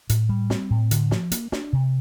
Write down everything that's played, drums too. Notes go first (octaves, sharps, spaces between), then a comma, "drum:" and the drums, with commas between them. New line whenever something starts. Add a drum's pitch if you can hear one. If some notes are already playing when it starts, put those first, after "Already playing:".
A2, drum: hi-hat
G3
C4, drum: snare
A2
D3, drum: hi-hat
F3, drum: snare
A#3, drum: hi-hat
D4, drum: snare
C3